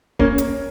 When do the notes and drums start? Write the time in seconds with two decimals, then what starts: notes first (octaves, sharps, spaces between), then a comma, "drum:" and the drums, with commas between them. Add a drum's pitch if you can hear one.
0.19 A#3 C#4, drum: kick D1
0.38 drum: hi-hat